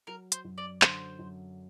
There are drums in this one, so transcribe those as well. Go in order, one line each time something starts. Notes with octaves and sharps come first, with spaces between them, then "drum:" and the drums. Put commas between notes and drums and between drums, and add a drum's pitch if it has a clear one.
F#3 A#4
C5, drum: hi-hat
F#2
D5
D3 C5, drum: clap
F#2